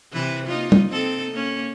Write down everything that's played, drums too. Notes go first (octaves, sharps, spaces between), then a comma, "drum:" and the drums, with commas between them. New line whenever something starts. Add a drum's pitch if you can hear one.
C3 E3 B4
A#3 D#4 F4
drum: tom G3
C4 D#4 A4
A#3 C#4